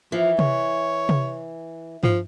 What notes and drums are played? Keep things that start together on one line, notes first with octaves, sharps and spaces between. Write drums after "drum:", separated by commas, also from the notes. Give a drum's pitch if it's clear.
E3 F3
C#5, drum: tom C3
drum: tom C3
F3, drum: tom G2